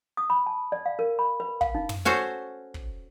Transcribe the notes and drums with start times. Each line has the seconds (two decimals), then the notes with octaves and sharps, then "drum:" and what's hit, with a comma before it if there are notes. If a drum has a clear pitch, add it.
0.17 D#6
0.30 B5
0.46 A5
0.72 D5
0.86 F5
0.99 A#4
1.19 B5
1.40 B4
1.61 F5, drum: kick
1.75 D#4
1.89 drum: tom
2.05 C#4 F#4 A4 C5
2.74 drum: kick